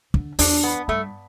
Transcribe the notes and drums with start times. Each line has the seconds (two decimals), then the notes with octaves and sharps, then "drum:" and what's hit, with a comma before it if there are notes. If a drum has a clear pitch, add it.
0.14 D3, drum: kick
0.39 E2 D4, drum: open hi-hat
0.64 B3
0.88 G2 A3